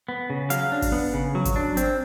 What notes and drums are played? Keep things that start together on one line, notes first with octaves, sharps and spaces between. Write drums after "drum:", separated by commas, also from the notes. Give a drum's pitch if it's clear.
B3
C#3
F#3 F5, drum: hi-hat
D4
drum: kick G#1, open hi-hat
B3
C#3
F#3
drum: kick G#1, hi-hat
D4
C4, drum: hi-hat